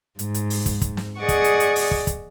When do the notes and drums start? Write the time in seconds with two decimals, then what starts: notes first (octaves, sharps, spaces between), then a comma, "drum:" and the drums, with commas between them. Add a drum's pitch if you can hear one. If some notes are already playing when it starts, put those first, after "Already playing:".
0.19 G#2, drum: hi-hat
0.34 drum: hi-hat
0.50 drum: open hi-hat
0.66 drum: kick, hi-hat
0.81 drum: kick, hi-hat
0.97 drum: snare
1.19 G#4 D5 D#5 F#5 C#6
1.29 drum: kick, hi-hat
1.44 drum: hi-hat
1.60 drum: hi-hat
1.76 drum: open hi-hat
1.91 drum: kick
2.07 drum: kick, hi-hat